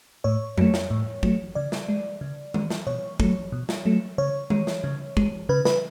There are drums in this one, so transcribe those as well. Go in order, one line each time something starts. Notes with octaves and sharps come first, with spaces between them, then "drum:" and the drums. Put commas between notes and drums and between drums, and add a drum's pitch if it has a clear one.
A2 C#5
F#3 A3, drum: tom F2
drum: snare
A2
F#3 A3, drum: kick
C#3 D5
drum: snare
G#3
C#3
G#3, drum: tom D#3
drum: snare
B2 C#5
F#3 A3, drum: kick
B2
drum: snare
F#3 A3
C#3 C#5
G#3, drum: tom D#3
drum: snare
C#3
G#3, drum: kick
C#3 B4
B4, drum: snare